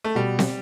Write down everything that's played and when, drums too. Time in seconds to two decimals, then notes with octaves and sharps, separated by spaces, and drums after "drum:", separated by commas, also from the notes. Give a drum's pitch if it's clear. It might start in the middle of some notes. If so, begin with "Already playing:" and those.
0.04 A3
0.15 B2 G3
0.39 drum: snare C4